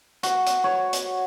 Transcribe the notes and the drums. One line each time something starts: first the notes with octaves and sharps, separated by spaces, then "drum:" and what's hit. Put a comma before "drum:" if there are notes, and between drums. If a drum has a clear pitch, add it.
F#4, drum: hi-hat
drum: hi-hat
C#5
drum: hi-hat